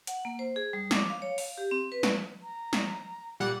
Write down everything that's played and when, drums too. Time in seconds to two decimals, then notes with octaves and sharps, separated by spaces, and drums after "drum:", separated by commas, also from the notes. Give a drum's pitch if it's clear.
0.07 F#5, drum: hi-hat
0.25 A#3
0.39 C5
0.56 G#4
0.73 G3
0.91 D6, drum: snare
1.10 F5
1.22 C#5
1.38 F5, drum: open hi-hat
1.58 G4
1.71 C4
1.92 B4
2.03 drum: snare
2.43 A#5
2.73 drum: snare
3.40 A#2 G3 F#5 D6